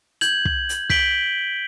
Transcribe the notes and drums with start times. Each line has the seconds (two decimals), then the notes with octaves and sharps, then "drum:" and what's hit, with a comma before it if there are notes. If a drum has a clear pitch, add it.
0.21 G6 G#6 F#7, drum: hi-hat
0.45 drum: kick
0.69 drum: hi-hat
0.90 G6 B6 D7 F#7 G7, drum: kick